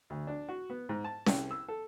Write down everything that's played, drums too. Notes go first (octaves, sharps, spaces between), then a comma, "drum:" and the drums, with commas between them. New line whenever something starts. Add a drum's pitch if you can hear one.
D2
D4
F#4
B3
G#2
A5
C2, drum: snare C#4
E6
A4